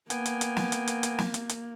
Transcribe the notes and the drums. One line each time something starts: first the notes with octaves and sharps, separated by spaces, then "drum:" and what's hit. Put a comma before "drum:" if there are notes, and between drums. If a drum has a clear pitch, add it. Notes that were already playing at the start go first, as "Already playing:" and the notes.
A#3 B3 G5 G#5, drum: hi-hat
drum: hi-hat
drum: hi-hat
drum: snare
drum: hi-hat
drum: hi-hat
drum: hi-hat
drum: snare
drum: hi-hat
drum: hi-hat